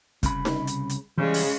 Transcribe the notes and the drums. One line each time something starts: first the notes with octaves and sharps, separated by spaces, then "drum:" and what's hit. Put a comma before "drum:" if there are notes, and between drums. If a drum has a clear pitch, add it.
C2 C#3 B5, drum: kick, hi-hat
drum: snare D#4
drum: hi-hat
drum: hi-hat
C#3 E3 G3 G#3
drum: open hi-hat